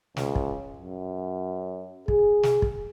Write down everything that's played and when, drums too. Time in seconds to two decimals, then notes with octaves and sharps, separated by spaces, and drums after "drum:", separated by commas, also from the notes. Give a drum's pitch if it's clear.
0.17 C#2, drum: snare
0.35 drum: kick
0.78 F#2
2.08 G#4, drum: kick
2.43 drum: snare
2.62 drum: kick